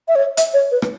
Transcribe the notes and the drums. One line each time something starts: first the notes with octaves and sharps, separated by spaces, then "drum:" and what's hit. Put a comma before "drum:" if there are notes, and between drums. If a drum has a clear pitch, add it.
E5
C#5
E5, drum: hi-hat
C#5
B4
drum: rim click